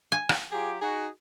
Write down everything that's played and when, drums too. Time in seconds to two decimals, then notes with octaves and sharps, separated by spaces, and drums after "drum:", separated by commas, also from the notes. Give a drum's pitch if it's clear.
0.12 G#5
0.29 drum: rim click
0.52 F#3 F4 G4 G#4
0.81 D#4 F#4 G#4